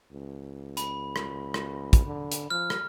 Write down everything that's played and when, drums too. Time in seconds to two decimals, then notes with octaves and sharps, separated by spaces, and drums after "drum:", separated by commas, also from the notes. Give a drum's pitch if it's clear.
0.11 C#2
0.77 B5, drum: hi-hat
1.16 drum: rim click
1.54 drum: rim click
1.93 drum: kick, hi-hat
2.06 D3
2.32 drum: hi-hat
2.50 F3 F6
2.70 drum: rim click